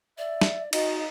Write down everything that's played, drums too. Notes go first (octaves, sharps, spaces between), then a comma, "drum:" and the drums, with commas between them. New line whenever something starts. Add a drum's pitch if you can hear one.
D5 E5
drum: snare
D#4 F#4 D#5, drum: cymbal